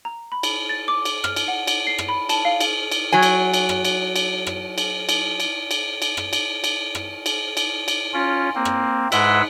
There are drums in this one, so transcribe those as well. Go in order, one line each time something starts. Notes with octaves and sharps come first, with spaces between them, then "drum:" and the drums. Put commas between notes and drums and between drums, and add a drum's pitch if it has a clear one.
A#5
B5
drum: cymbal
A6
D6
drum: cymbal
F6, drum: rim click
drum: cymbal
F#5
drum: cymbal
C7
drum: rim click
B5
A5, drum: cymbal
F5
drum: cymbal
drum: cymbal
F#3 G#5
drum: cymbal
drum: cymbal
drum: rim click
drum: cymbal
drum: cymbal
drum: rim click
drum: cymbal
drum: cymbal
drum: cymbal
drum: cymbal
drum: cymbal
drum: rim click
drum: cymbal
drum: cymbal
drum: rim click
drum: cymbal
drum: cymbal
drum: cymbal
C#4 F4
A#3 C4
drum: rim click
G#2 G#3 B4 E5 F#5 E6, drum: cymbal